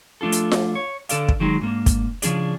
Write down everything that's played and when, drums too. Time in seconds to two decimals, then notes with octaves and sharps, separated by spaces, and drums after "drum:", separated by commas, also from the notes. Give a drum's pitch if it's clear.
0.21 F3 A3 D4 F4 A4
0.32 drum: hi-hat
0.52 drum: snare F4
0.75 C#5
1.09 D3 A4 D5 F5, drum: hi-hat
1.29 drum: kick
1.40 D#3 F#3 G#3 D#4
1.61 G#2 A#3 D4
1.86 drum: kick, hi-hat
2.22 C#3 F3 D4 G#4 D5, drum: hi-hat